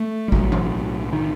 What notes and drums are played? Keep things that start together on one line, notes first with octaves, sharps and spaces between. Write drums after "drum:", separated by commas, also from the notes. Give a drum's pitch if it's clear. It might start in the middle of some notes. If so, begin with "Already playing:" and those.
Already playing: A3
G3
B1 A2 F#3, drum: kick G#1
drum: tom E3
D#3